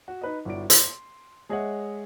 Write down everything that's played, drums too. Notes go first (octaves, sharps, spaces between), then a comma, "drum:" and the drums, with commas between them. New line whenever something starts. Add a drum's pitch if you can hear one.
F#4
D#4 B4 D#5
G1 E4 F#4 D5 D7
C6, drum: hi-hat
G#3 G#4 C#5 D#5 E5 F#5